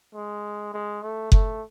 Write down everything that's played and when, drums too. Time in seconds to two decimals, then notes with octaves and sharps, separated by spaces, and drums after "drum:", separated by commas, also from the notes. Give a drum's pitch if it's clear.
0.15 G#3
0.73 G#3
1.02 A3
1.32 A3, drum: kick F#1